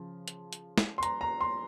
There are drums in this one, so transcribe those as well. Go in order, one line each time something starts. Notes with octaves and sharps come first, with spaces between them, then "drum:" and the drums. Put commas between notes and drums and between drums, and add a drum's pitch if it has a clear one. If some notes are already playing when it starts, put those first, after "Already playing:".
Already playing: C#3 F3
drum: hi-hat
drum: hi-hat
drum: snare
C6
A#5, drum: hi-hat
A#5
C6